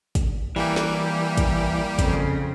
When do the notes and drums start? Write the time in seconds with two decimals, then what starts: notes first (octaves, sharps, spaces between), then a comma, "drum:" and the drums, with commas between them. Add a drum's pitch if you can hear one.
0.15 drum: kick, hi-hat
0.56 E3 G3 A#3 G4
0.76 drum: snare
1.37 drum: kick, hi-hat
1.99 F2 C#3, drum: kick, hi-hat